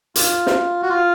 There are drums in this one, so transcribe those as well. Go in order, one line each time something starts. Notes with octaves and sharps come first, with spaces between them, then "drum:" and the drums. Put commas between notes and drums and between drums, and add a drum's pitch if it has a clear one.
F4, drum: hi-hat
drum: snare
F#4
F4